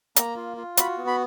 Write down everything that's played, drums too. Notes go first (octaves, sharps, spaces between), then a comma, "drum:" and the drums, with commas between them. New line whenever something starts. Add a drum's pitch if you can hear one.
A#3 A#5, drum: hi-hat
F4
F4
F#4 B5, drum: hi-hat
B3
B5